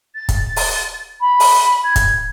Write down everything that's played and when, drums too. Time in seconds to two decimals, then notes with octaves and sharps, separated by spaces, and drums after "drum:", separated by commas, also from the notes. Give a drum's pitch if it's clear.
0.15 A6
0.29 drum: kick, hi-hat
0.56 drum: open hi-hat
1.20 B5
1.40 drum: open hi-hat
1.84 G#6
1.96 drum: kick, hi-hat